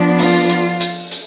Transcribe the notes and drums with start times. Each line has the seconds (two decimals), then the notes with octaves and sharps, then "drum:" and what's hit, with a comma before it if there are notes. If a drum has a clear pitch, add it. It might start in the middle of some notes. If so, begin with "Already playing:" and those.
Already playing: F3 B3 D4
0.19 F4, drum: open hi-hat
0.50 drum: hi-hat
0.80 drum: hi-hat
1.11 drum: hi-hat